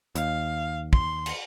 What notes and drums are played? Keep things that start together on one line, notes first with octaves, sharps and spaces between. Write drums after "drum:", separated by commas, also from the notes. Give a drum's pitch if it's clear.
D#2 F5, drum: hi-hat
C6, drum: kick
drum: cymbal